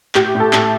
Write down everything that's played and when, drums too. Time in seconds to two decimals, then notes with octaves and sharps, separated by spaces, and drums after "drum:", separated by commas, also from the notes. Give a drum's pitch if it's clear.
0.15 A2 G4, drum: clap
0.35 A2
0.40 A4
0.53 A2, drum: clap